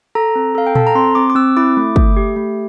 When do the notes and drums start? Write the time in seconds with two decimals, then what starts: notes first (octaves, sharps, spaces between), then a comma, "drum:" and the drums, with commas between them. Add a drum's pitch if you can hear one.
0.15 A4 A#5
0.35 C4
0.55 A4 F5
0.67 G5
0.75 A4 A5, drum: tom A#2
0.87 A#5
0.95 C4 C6
1.15 C4 D6
1.30 D6
1.35 C4 E6
1.57 E4 D6
1.77 A3
1.96 A3, drum: kick
2.17 G4
2.36 A3